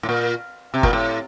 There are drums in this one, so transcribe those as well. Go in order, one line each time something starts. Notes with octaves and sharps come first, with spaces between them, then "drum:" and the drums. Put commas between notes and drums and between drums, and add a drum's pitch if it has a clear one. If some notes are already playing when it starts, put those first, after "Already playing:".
A2
A#2
C3
A#2, drum: kick G1
A2